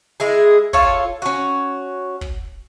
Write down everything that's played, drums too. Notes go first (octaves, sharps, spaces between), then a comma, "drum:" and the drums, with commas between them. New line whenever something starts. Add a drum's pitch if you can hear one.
G#3 E4 G#4
F4 A4 C#5, drum: kick
C#4 F#4
drum: kick